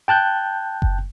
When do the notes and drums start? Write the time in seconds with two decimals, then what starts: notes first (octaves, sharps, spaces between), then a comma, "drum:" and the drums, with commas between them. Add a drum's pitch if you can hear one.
0.08 G5 A5 F#6 G6
0.82 drum: kick F#1